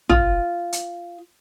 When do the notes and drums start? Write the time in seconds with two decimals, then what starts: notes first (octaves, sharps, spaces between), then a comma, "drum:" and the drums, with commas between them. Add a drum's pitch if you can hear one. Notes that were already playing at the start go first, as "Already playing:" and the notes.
0.09 F4, drum: tom
0.73 drum: hi-hat